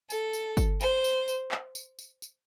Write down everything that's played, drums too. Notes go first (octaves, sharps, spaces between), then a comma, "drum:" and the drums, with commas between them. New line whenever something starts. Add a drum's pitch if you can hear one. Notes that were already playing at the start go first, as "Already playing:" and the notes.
A4, drum: tambourine
drum: tambourine
drum: kick G1, tambourine
C5, drum: tambourine
drum: tambourine
drum: tambourine
drum: clap
drum: tambourine
drum: tambourine
drum: tambourine